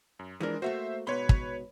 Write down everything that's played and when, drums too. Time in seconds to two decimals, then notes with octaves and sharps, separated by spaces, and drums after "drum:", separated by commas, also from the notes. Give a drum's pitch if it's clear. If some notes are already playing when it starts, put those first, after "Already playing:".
0.19 F#2
0.40 E3 F3 G#3 D4 A#4
0.62 A3 A#3 F#4 C5 E5
1.07 G#2 B2 B4 C#5 B5 C6
1.29 drum: kick